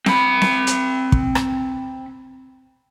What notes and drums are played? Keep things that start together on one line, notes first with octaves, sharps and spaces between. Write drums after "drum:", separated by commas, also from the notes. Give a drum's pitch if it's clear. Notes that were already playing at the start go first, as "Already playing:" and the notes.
C4 B5, drum: snare C4
drum: snare C4
drum: hi-hat
drum: kick
drum: rim click